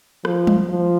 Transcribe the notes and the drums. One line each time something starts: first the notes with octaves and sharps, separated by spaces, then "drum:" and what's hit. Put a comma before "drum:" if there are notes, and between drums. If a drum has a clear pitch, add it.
F3, drum: rim click
drum: tom G3
F3